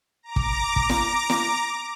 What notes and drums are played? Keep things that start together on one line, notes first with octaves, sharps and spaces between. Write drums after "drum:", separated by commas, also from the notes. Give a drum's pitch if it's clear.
A#5 D6
drum: kick
drum: kick
drum: snare
drum: snare